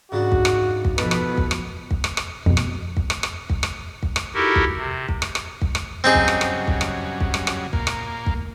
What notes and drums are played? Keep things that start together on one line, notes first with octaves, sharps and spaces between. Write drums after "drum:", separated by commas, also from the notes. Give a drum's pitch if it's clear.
G#2 C#3 F#3 D4 F#4
drum: kick
drum: rim click
drum: kick
B2 F3 A4 B4 D#5, drum: rim click
drum: rim click
drum: kick
drum: rim click
drum: kick
drum: rim click
drum: rim click
F2 B2, drum: kick
drum: rim click
drum: kick
drum: rim click
drum: rim click
drum: kick
drum: rim click
drum: kick
drum: rim click
D#4 E4 F#4 G4 A4 A#4
drum: kick
C3
drum: kick
drum: rim click
drum: rim click
drum: kick
drum: rim click
G2 C#3 F#3 C4 D#4 G#4
drum: kick
drum: rim click
drum: rim click
drum: kick
drum: rim click
drum: kick
drum: rim click
drum: rim click
A#2 A#3, drum: kick
drum: rim click
drum: kick